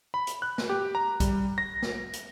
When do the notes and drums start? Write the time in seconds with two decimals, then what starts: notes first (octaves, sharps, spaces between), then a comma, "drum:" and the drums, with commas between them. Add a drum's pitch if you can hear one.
0.14 B5
0.27 drum: hi-hat
0.42 F#6
0.58 drum: snare
0.70 G4
0.95 A#5
1.20 G3, drum: kick A#1, hi-hat
1.58 A#6
1.82 drum: snare
2.13 drum: hi-hat